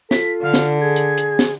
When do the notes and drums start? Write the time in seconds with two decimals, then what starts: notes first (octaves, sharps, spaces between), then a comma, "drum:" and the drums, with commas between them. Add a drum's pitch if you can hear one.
0.11 F4 A4 B6, drum: snare
0.42 D3 F5
0.54 drum: snare
0.81 G#4 G#6
0.96 drum: hi-hat
1.18 drum: hi-hat
1.39 drum: snare